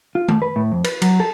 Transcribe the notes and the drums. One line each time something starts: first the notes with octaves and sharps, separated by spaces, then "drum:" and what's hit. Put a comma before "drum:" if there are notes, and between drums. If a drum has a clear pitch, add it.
F4
A3, drum: tom D#3
B4
A2
F2
B4, drum: cymbal
F#3, drum: cymbal
A4